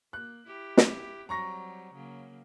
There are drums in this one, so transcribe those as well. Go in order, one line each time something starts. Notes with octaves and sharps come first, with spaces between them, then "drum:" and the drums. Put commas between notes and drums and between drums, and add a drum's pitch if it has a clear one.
A#3 F#6
E4 G4
drum: snare
F#3 G3 C4 A#5 C#6 A#6
C#3 F#3 A#3